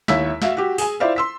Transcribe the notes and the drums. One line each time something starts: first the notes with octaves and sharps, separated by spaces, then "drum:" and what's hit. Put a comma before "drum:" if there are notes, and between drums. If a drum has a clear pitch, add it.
D#2 E4 C#5 E5 E6 B6, drum: snare
F#4 E5 F5, drum: snare
F#4 G4
G#4 G#5, drum: open hi-hat
E4 F4 C5 D5 E5 F5
C6 E6 B6